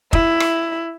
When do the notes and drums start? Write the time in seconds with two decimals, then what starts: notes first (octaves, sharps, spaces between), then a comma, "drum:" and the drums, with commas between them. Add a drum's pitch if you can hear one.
0.13 E4, drum: kick
0.40 drum: rim click